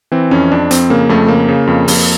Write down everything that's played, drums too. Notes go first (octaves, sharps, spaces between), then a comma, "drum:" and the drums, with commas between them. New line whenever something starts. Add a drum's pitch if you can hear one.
E3 C4
F2 C#4
F2 D4
F2 C4, drum: hi-hat
C#3 A#3
F2 A3
C#3 A#3
C#3
F2
F2, drum: open hi-hat